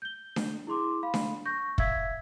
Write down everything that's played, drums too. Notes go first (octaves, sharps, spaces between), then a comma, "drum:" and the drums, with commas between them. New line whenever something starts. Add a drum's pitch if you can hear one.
G6 G7
drum: snare D4
E4 G#4 C6 D6
F5 B5
drum: snare D4
C#6 G6 A#6
E5 F5 E6 G#6 B6, drum: kick